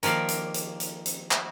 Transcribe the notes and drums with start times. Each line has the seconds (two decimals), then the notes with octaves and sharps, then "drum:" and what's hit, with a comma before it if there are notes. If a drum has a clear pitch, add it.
0.03 D#3 F3 A#3 D5 F5, drum: hi-hat
0.28 drum: hi-hat
0.54 drum: hi-hat
0.80 drum: hi-hat
1.06 drum: hi-hat
1.31 drum: clap